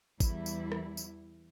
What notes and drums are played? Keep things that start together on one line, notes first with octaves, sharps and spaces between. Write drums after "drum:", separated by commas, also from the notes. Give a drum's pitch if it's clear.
E2 G3 E4, drum: kick G#1, tambourine
drum: tambourine
drum: rim click
drum: tambourine